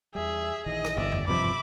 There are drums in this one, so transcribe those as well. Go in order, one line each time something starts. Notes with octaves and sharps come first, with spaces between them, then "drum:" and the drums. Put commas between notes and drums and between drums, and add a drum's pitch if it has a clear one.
E2 G3 G#4 E5
A#1 D#3 E3 D#5
drum: rim click
G1 D5 E5
drum: tom F2
G#1 E2 G2 C3 F3 E5 B5 D6